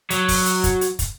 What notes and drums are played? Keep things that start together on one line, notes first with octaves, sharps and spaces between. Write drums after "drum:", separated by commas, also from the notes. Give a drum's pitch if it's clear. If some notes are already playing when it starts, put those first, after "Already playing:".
F#3, drum: hi-hat
drum: kick, open hi-hat
drum: hi-hat
drum: kick, hi-hat
drum: hi-hat
drum: kick, hi-hat